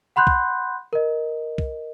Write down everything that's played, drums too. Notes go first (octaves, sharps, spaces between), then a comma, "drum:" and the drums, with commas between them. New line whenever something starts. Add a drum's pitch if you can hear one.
F#5 B5 C6 F#6 G6
drum: kick
A#4 D#5
drum: kick